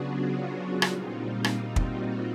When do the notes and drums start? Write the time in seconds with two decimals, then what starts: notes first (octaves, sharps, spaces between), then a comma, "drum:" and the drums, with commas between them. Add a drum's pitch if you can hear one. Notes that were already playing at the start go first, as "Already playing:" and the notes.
Already playing: C#3 F#3 B3 D4 F4 F#4 G#4
0.82 A#2 G3 C4 D#4, drum: rim click
1.44 drum: rim click
1.76 F#4, drum: kick